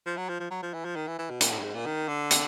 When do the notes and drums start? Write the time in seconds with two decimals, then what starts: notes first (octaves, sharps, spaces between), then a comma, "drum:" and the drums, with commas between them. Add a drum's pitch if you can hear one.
0.06 F3
0.17 F#3
0.29 F3
0.40 F3
0.51 F#3
0.63 F3
0.74 E3
0.85 F3
0.96 D#3
1.08 E3
1.19 E3
1.30 B2
1.41 A#2, drum: hi-hat
1.52 A2
1.59 G2
1.63 G#2
1.75 A#2
1.86 D#3
2.08 D3
2.31 drum: hi-hat